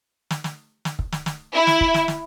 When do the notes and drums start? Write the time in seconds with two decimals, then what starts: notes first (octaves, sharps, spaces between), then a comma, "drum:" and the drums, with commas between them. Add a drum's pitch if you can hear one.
0.31 drum: snare
0.44 drum: snare
0.85 drum: snare
0.99 drum: kick
1.12 drum: snare
1.26 drum: snare
1.53 E4
1.67 drum: snare
1.81 drum: kick
1.94 drum: snare
2.08 drum: snare